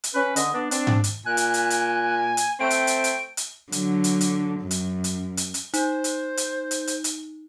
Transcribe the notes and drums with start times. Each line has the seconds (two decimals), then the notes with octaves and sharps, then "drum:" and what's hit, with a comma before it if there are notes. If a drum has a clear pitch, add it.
0.04 drum: hi-hat
0.15 C#4 B4
0.36 D3 D#5, drum: hi-hat
0.54 B3 D4
0.71 C4 D4, drum: hi-hat
0.87 drum: tom G#2
1.04 drum: hi-hat
1.26 A#2 G#5 F#6
1.37 drum: hi-hat
1.54 drum: hi-hat
1.70 drum: hi-hat
2.37 drum: hi-hat
2.60 A3 C4 G5 D7
2.70 drum: hi-hat
2.87 drum: hi-hat
3.04 drum: hi-hat
3.37 drum: hi-hat
3.72 D3 F#3, drum: hi-hat
4.04 drum: hi-hat
4.21 drum: hi-hat
4.61 F#2
4.71 drum: hi-hat
5.04 drum: hi-hat
5.37 drum: hi-hat
5.54 drum: hi-hat
5.74 D#4 C5, drum: hi-hat
6.04 drum: hi-hat
6.37 drum: hi-hat
6.71 drum: hi-hat
6.87 drum: hi-hat
7.04 drum: hi-hat